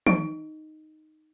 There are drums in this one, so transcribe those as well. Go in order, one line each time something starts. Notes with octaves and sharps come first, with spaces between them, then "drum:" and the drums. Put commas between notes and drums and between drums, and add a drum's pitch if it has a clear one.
D#4, drum: tom